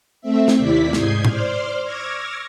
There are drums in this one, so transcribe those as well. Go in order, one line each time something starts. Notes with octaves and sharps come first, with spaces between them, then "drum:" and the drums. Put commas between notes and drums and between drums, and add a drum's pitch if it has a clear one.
A3 C4 E5
drum: snare
D#2 C3 E4 D5 B6
G#2 D#6 G6 G#6 C7, drum: snare
C5 D5 C6 F6, drum: tom A2
C#6 D6 E6 F6 G#6 A#6